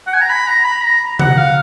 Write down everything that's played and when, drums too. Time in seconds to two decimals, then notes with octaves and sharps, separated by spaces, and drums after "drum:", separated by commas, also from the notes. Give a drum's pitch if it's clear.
0.07 F#5
0.14 G#5
0.21 A#5
0.29 B5
0.47 A#5
0.65 B5
0.83 A#5
1.19 F#5, drum: tom C#3
1.37 F5